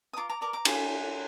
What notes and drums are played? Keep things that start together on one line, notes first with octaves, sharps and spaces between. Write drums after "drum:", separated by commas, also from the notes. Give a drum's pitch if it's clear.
D#6
F4 A#5 D6
A#5 D6
A#4 D5 A#5 D6
A#5 D6
F4 G#5 C6, drum: cymbal